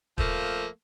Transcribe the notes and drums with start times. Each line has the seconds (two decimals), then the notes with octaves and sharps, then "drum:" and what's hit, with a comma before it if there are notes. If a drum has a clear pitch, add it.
0.18 F3 A3 A#3, drum: kick